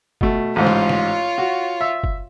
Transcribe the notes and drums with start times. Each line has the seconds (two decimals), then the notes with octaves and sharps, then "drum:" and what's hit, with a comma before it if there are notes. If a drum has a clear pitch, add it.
0.21 B2 A3, drum: kick F#1
0.56 A1 G#2 F4 C5 C#5
0.67 drum: snare
0.89 drum: snare
1.38 F#4
1.81 E5
2.04 drum: kick F#1